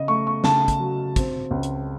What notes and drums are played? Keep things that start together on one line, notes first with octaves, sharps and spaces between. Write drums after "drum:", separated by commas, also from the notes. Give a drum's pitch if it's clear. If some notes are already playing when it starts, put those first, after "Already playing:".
Already playing: C#3 D#5
A3 C#6
C#6
C#3 A5, drum: snare
drum: kick, hi-hat
F#3
C4, drum: kick, hi-hat
C#2
drum: hi-hat